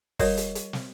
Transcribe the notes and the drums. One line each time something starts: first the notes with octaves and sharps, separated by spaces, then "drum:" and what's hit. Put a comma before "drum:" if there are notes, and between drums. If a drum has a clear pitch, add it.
G3 F#4 A#4 C#5 D#5, drum: kick, open hi-hat
drum: hi-hat
drum: hi-hat
drum: snare